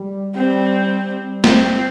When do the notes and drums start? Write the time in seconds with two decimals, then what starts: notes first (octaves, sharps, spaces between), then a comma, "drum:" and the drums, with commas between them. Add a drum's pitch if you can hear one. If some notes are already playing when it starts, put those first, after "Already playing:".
Already playing: G3
0.35 G3 C4
1.07 G3
1.44 C4, drum: snare A#3